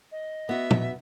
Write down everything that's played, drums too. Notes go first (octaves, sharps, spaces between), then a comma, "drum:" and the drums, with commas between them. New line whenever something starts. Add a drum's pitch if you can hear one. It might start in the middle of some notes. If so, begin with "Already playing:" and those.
D#5
B3 F#4 E5
drum: tom